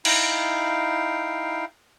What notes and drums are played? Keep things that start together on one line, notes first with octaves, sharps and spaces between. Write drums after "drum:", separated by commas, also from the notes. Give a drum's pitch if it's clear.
D#4 E4 F5 G5, drum: cymbal